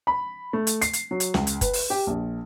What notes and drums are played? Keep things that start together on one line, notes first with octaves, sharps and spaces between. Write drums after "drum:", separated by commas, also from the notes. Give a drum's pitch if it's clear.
B5
A3
drum: hi-hat
C7, drum: hi-hat
drum: hi-hat
F#3
drum: hi-hat
C#2, drum: snare
drum: hi-hat
B4, drum: kick, hi-hat
drum: open hi-hat
G4
A#1